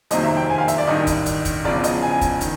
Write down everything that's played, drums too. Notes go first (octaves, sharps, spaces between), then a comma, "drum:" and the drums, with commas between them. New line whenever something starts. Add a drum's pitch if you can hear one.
F2 C3 D#3 F#3 A#3 D#5, drum: hi-hat
E5
G5
G#5
F5
E5, drum: hi-hat
D5
A1 G2 D#3 D#5
drum: kick, hi-hat
drum: hi-hat
drum: kick, hi-hat
E1 E2 C#3 F3 D5
D#5, drum: hi-hat
G#5
drum: kick, hi-hat
D#3, drum: hi-hat